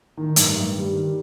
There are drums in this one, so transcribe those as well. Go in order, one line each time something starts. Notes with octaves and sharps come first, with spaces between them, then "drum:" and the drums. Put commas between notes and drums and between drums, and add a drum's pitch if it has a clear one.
D#3
G2, drum: hi-hat
G2
G3
D#3